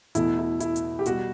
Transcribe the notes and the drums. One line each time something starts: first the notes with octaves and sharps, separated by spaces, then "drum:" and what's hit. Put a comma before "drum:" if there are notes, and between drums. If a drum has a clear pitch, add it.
E2 B2 A3 E4, drum: hi-hat
E4
E4, drum: hi-hat
drum: hi-hat
G4
B2 G3 F#4, drum: hi-hat